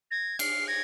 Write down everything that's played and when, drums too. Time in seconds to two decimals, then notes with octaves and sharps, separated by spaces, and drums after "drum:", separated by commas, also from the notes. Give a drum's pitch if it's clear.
0.11 G#6 A#6
0.39 F6 C7, drum: cymbal
0.68 G#6 A#6